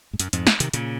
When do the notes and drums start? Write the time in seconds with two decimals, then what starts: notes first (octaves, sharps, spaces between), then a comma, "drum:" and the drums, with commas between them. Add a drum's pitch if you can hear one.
0.13 G#2
0.20 F#2, drum: hi-hat
0.33 F2 G#2, drum: hi-hat
0.47 drum: snare
0.60 C3 D#3, drum: hi-hat
0.74 A#2 C#3, drum: hi-hat